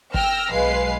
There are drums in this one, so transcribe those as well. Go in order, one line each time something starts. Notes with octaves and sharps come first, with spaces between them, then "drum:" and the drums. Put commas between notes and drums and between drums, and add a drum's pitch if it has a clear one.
G5 E6 F6 A#6, drum: kick
B1 G#3 B4 F5 C7